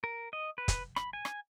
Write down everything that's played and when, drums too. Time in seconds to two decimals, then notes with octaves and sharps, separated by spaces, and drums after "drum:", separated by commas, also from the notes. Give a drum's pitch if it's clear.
0.04 A#4
0.33 D#5
0.58 B4
0.68 drum: kick, hi-hat
0.96 B5, drum: rim click
1.13 G#5
1.25 drum: rim click